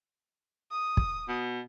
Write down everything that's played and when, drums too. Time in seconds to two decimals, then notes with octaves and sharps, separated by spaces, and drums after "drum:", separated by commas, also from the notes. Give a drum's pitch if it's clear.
0.72 D#6
0.97 drum: kick
1.28 B2